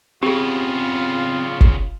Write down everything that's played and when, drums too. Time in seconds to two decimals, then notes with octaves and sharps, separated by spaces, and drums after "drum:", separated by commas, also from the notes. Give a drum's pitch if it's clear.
0.23 C#3 B3 C4 F4 G4 G#4
1.61 drum: kick